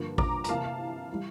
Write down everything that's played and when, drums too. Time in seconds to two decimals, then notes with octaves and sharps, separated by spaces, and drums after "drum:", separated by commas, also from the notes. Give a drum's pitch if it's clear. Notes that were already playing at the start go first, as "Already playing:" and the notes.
Already playing: G2 D3 F3 A#3
0.18 A#5 D6, drum: kick A1
0.44 A#5, drum: hi-hat
0.49 C3 E3 A#3 F5 A5
0.64 F5
1.12 E3 G3